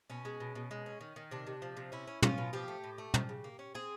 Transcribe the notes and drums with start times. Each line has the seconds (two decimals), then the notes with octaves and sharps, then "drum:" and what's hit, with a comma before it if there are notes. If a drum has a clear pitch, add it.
0.10 B2 C#4
0.25 G#3
0.40 B2
0.55 B2
0.71 G#3
0.86 C#4
1.01 D#3
1.16 D#3
1.31 C3 D4
1.47 C3
1.62 F3
1.77 C3
1.92 C#4 E4
2.07 C#4
2.22 C#4 F4, drum: tom
2.38 B2
2.53 F3 G4
2.68 A3
2.84 A2
2.98 A3
3.14 F3, drum: tom
3.29 C#3
3.44 A#3
3.59 C#4
3.75 C4 G#4